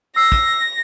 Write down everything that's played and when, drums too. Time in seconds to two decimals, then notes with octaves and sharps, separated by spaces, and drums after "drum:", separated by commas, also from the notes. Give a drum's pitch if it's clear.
0.16 E6 A#6 C7
0.32 drum: kick